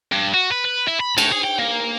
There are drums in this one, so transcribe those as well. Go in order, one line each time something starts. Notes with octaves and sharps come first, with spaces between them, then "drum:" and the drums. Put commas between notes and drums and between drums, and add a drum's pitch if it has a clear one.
G2
F#4
B4
B4
E4
B5
A2, drum: cymbal
G#4
G5
A#3